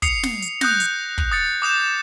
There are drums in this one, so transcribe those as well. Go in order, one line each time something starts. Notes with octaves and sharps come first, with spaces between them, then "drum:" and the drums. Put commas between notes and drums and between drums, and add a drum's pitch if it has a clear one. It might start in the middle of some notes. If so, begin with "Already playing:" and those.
D#6 C7 C#7 F7, drum: kick, hi-hat
drum: snare
drum: hi-hat
D#6 F#6 G6 A#6, drum: snare
drum: hi-hat
drum: kick
D#6 A6 C#7
D6 D#6 G6 E7